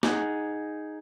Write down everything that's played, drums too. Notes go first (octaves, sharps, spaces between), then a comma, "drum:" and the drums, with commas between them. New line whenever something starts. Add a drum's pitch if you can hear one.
D#4 G#4 F#5, drum: snare